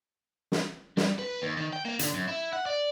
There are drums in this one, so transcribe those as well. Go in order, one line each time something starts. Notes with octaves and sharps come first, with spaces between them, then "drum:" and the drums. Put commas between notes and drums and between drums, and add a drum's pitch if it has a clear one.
drum: snare
G3, drum: snare
B4
D#2
D#3
G5
A#3
D3, drum: hi-hat
F#2
E4
F#5
D5